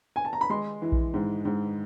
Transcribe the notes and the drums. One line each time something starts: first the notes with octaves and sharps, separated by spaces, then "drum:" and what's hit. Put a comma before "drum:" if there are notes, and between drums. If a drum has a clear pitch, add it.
G#5
A5
A#5
B5
G#3 C6
E3
drum: kick A#1
G#2
G#2